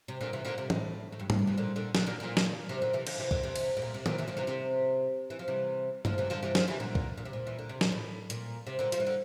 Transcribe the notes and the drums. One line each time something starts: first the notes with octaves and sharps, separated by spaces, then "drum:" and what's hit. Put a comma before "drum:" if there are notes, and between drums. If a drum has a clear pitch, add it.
C3
A#2 D3
C3 E3
A#2 D3
C3
A2, drum: tom
A2
G2
G2, drum: tom G#2
A2
C3 E3
A#2 D3
A#2 D3
A#2 D3, drum: snare
A#2 D3
A#2
drum: snare
C3
A#2 D3
C3 E3
D3 F3, drum: cymbal
C3 E3
A#2 D3, drum: kick
C3 E3
drum: cymbal
A2
A#2
C3
A#2 D3, drum: tom D#3
C3 E3
D3 F3
C3 E3
C3
E3
F3
C3 E3
D3 F3, drum: tom G2
C3 E3
D3 F3
C3 E3
D3 F3, drum: snare
C3 E3
A#2 D3
drum: kick
A#2
C3
A#2
E3
D3
C3
A#2, drum: snare
A2
A#2, drum: hi-hat
C3
A#2 D3
F3, drum: hi-hat
E3
D3